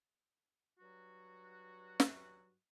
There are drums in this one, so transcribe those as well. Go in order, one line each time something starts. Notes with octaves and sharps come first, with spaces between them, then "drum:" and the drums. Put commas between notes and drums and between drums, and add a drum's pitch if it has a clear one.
G2 F#3 F#4
drum: snare